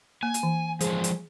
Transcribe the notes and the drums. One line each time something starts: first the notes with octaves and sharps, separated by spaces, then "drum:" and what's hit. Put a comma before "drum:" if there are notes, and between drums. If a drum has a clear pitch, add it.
A#3 G#5
drum: hi-hat
E3
F3 G#3 G#4, drum: hi-hat
drum: hi-hat